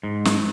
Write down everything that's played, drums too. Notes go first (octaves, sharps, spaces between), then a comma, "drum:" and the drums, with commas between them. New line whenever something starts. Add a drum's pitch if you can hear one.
G#2
drum: snare